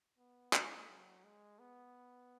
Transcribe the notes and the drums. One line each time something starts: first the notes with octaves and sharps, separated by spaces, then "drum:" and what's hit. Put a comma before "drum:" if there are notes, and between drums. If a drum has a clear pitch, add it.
B3
G#3, drum: clap
F#3
G#3
B3